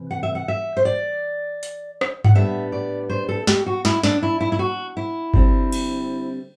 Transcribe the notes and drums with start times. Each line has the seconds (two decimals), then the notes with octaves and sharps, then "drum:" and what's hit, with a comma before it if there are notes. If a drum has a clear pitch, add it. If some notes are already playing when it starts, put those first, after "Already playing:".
Already playing: C3 E3
0.11 F#5
0.23 E5
0.35 F#5
0.48 E5
0.77 C5
0.85 D5
1.63 drum: hi-hat
2.01 drum: rim click
2.24 F#5, drum: tom G2
2.35 A2 G3 B3 D4 E5
2.72 D5
3.10 C5
3.29 A4
3.47 G4, drum: snare
3.66 F#4
3.85 E4, drum: snare
4.03 D4, drum: snare
4.23 E4
4.40 E4
4.52 E4
4.59 F#4
4.97 E4
5.34 D3 G3 C4, drum: kick G1
5.72 drum: cymbal